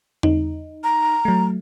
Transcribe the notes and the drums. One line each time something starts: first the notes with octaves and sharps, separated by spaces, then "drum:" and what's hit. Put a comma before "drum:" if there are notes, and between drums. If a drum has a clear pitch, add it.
D#4, drum: tom E2
A#5
F#3 A3